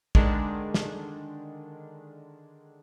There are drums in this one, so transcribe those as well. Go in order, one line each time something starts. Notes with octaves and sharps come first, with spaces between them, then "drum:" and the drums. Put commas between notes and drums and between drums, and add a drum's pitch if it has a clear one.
D3 D#3 G#3 D4, drum: kick
drum: snare